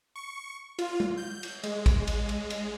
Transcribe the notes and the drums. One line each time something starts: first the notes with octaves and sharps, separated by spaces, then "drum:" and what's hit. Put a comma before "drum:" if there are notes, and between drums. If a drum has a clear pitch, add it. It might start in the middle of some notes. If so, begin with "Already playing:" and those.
C#6
F4, drum: cymbal
drum: tom G#3
G6
drum: cymbal
G#3, drum: cymbal
drum: kick A1, cymbal
drum: cymbal
drum: cymbal
drum: cymbal